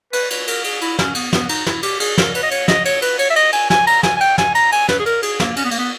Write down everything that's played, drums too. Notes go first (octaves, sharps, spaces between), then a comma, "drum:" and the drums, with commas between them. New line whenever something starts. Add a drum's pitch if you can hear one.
B4, drum: cymbal
B4, drum: cymbal
A#4, drum: cymbal
G#4, drum: cymbal
E4, drum: cymbal
C#4, drum: snare
B3, drum: cymbal
B3, drum: snare
D#4, drum: cymbal
E4, drum: snare
G4, drum: cymbal
G#4, drum: cymbal
A#4, drum: snare
B4, drum: cymbal
D#5
C#5, drum: cymbal
D#5, drum: snare
C#5, drum: cymbal
B4, drum: cymbal
C#5, drum: cymbal
E5
D#5, drum: cymbal
G#5, drum: cymbal
G#5, drum: snare
A#5, drum: cymbal
G#5, drum: snare
G#5
G5, drum: cymbal
G#5, drum: snare
A#5, drum: cymbal
G#5, drum: cymbal
B4, drum: snare
G#4
A#4, drum: cymbal
G#4, drum: cymbal
A#3, drum: snare
C#4, drum: cymbal
B3
A#3, drum: cymbal
B3